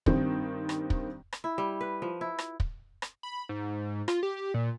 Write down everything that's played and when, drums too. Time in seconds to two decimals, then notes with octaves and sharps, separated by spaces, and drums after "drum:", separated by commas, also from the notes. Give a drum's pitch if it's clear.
0.06 G2 D#3 C4, drum: kick
0.69 drum: rim click
0.90 drum: kick
1.33 drum: rim click
1.44 E4
1.58 G3
1.81 B4
2.02 F3
2.21 E4
2.38 drum: rim click
2.60 drum: kick
3.02 drum: rim click
3.23 B5
3.49 G#2
4.08 F4, drum: rim click
4.23 G4
4.54 A#2